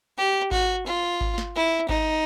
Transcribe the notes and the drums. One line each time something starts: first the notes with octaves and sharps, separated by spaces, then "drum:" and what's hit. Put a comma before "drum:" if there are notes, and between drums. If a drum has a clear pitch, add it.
G4
F#4, drum: kick G#1
F4
drum: kick G#1
drum: snare
E4
D#4, drum: kick G#1